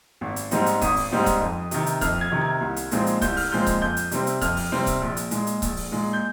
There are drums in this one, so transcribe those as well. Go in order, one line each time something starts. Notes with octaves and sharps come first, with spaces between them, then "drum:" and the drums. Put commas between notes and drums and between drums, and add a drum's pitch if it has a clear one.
G#1
drum: hi-hat
G#2 G3 C4 D#4, drum: hi-hat
drum: hi-hat
G#1 D#6, drum: kick C#1, hi-hat
drum: open hi-hat
G#2 G3 C4 D#4
drum: kick C#1, hi-hat
F2
C3 D#3, drum: hi-hat
drum: hi-hat
F2 F6, drum: kick C#1, hi-hat
G#6
C3 D#3
G#6
C2
drum: hi-hat
A#2 F3 G#3 C4, drum: hi-hat
drum: hi-hat
C2 G6, drum: kick C#1, hi-hat
F6, drum: open hi-hat
A#2 F3 G#3 C4 G6
drum: kick C#1, hi-hat
F2 G6
drum: hi-hat
C3 G3 C4, drum: hi-hat
drum: hi-hat
F2 F6, drum: kick C#1, hi-hat
drum: open hi-hat
C3 G3 C4
drum: kick C#1, hi-hat
A#1
drum: hi-hat
A#2 G#3, drum: hi-hat
drum: hi-hat
A#1, drum: kick C#1, hi-hat
drum: open hi-hat
A#2 G#3
G6